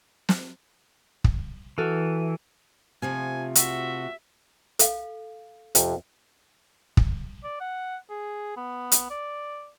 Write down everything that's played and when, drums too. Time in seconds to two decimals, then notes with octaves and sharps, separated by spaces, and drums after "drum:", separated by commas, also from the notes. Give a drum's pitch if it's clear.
0.29 drum: snare
1.24 drum: kick
1.78 E3 F#4 A4 F6
3.02 F2 C3 F3 A3 G#5
3.55 F#4 E5, drum: hi-hat
4.79 A4 F5, drum: hi-hat
5.75 F2 C3, drum: hi-hat
6.97 drum: kick
7.44 D5
7.60 F#5
8.10 G#4
8.57 B3
8.92 drum: hi-hat
9.10 D5